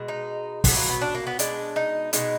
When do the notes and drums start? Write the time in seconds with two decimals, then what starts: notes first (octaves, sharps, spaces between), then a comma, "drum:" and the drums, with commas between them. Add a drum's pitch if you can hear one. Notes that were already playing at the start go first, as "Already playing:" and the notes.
Already playing: B2 G#3
0.08 D#4
0.64 B2 F#3 B3, drum: kick, open hi-hat
0.76 A#3
0.89 B3
1.01 D4
1.15 A#3
1.27 B3
1.39 B2 G#3 D4, drum: hi-hat
1.76 D#4
2.13 B2 G#3 D#4, drum: hi-hat